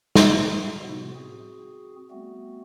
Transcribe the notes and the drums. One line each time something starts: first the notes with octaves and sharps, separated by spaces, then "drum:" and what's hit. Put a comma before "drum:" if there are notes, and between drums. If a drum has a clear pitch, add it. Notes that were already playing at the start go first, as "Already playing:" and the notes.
drum: snare
A2 C3 F3 G3 B3 F#4
C4 F#4 G#4
G3 A3 B3 C4 F#4